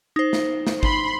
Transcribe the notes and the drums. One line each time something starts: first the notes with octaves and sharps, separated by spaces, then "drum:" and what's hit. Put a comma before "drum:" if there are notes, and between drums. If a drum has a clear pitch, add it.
D#4 C5
drum: snare
drum: snare
B5 C6, drum: kick G#1